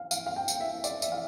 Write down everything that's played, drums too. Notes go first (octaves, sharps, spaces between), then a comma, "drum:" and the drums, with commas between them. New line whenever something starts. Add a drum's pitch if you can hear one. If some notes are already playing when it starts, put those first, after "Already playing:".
Already playing: F5
F5, drum: tambourine
F5
G5
drum: tambourine
E5
D5, drum: tambourine
E5, drum: tambourine
F5